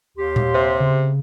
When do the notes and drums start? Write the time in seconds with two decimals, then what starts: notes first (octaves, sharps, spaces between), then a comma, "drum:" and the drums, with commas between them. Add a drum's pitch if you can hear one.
0.18 D#2 G4 C6
0.36 drum: tom A#2
0.54 C3
0.80 C#3